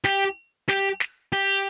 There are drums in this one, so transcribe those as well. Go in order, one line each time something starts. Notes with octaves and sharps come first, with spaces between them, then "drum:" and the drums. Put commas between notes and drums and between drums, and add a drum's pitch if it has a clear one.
G4, drum: snare
G4, drum: snare
drum: snare
G4